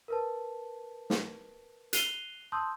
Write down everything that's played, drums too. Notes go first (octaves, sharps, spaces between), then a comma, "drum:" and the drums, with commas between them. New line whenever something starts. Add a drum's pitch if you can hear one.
A#4 B4 A5
drum: snare
F#6 C7 D#7 F7 G7, drum: hi-hat
A5 C6 D#6 E6 G6